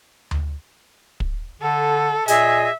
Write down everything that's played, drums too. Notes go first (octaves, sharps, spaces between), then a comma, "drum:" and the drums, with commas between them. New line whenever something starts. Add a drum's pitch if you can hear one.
drum: tom D2
drum: kick
D3 A4
A#2 G#4 D#5 E5 G#5, drum: hi-hat